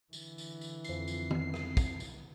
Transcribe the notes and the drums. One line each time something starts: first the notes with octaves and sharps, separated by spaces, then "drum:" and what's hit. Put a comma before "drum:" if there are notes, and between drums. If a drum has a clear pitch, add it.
D3 E3, drum: tambourine
drum: tambourine
drum: tambourine
F2 C7, drum: tambourine
drum: tambourine
drum: tom
drum: rim click
drum: kick, tambourine
drum: tambourine